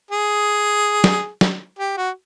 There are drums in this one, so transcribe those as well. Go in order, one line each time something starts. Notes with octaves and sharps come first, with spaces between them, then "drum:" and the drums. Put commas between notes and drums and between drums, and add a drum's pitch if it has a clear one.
G#4
drum: snare
drum: snare
G4
F#4